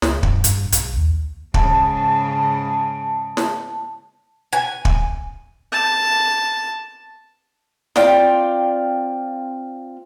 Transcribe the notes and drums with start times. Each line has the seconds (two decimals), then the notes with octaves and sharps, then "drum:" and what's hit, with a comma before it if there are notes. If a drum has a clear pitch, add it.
0.02 C#2, drum: snare
0.23 F#2, drum: kick
0.44 G2, drum: hi-hat
0.72 B1, drum: hi-hat
0.96 D#2
1.54 G#2 C#3 A5, drum: kick
3.37 drum: snare
4.53 G#5
4.85 drum: kick
5.72 A5
7.96 C4 F4 D5 G5, drum: snare